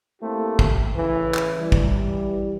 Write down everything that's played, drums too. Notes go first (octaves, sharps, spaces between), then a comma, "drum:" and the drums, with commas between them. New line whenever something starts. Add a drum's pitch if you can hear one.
A3 A#3 C4 E4 G4
drum: kick
A2 C#3 E3
drum: clap
E3 G3
drum: kick